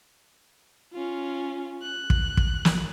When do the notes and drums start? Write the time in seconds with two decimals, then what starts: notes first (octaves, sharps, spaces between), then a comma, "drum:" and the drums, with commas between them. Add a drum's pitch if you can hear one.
0.93 C#4 F4
1.82 F#6
2.10 drum: kick
2.37 drum: kick
2.65 drum: snare